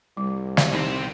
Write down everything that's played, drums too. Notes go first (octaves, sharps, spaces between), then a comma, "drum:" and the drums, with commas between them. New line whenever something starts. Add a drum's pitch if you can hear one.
C2 G3
drum: snare
C3 C4 D#4